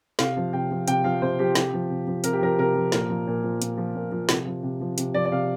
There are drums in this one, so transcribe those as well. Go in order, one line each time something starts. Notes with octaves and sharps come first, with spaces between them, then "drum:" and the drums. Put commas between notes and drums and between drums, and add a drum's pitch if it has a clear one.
C3 F5, drum: snare
F3
C3 G5
F3
C3 G5, drum: hi-hat
F3 F5
C3 C5
F3 G4
C3, drum: snare
F3
C3
F3
C3 A#4, drum: hi-hat
G4
F3 A#4
C3 A#4
F3
A#2 A#4, drum: snare
F3
A#2
F3
A#2, drum: hi-hat
F3
A#2
F3
C3, drum: snare
F3
C3
F3
C3, drum: hi-hat
F3 D5
D5
C3 F5